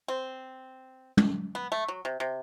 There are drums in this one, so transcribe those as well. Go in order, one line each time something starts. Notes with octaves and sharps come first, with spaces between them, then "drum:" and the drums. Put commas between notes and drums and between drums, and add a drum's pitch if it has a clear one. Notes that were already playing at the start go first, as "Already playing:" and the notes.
C4
drum: tom
B3
A3
F#3
C3
C3